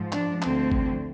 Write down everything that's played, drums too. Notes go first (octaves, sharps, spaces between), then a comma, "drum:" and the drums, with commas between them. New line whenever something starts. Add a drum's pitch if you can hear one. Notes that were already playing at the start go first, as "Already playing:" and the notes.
Already playing: G#2 F3
D4, drum: clap
D2 D3 F3 C4, drum: clap
drum: kick G#1